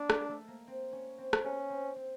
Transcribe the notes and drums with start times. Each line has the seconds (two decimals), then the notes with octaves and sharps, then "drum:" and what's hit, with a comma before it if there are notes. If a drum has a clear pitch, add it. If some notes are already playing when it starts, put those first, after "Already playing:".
Already playing: A#3 D4
0.10 G#3, drum: rim click
0.29 A3
0.48 A#3
0.67 C4
0.93 C#4
1.18 C4
1.33 drum: rim click
1.44 B3 C#4
1.70 C4
1.96 C4